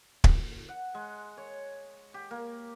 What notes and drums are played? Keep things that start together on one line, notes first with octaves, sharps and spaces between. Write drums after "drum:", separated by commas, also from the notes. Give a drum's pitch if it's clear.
drum: kick
F#5
G#3
C#5
G4
A#3